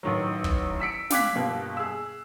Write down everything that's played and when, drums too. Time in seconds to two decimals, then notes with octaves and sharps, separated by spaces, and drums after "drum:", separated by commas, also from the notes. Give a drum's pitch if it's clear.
0.03 A1 D#3 F#3
0.44 drum: kick
0.80 E6 B6 C#7 D7
1.10 F5 G5 D6 F#6 G#6 B6, drum: snare
1.36 G1 B2 A#3 G4
1.77 G#4 E6